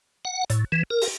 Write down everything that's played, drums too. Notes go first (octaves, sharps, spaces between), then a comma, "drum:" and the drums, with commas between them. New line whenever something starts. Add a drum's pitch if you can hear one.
F#5
A2, drum: hi-hat
E3
A#4
drum: open hi-hat